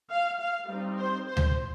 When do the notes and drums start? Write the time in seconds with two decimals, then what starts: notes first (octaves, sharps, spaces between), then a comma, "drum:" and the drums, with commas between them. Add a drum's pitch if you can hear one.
0.09 F5
0.38 F5
0.68 G3 C4 D#4
0.98 C5
1.27 C5
1.37 drum: tom D2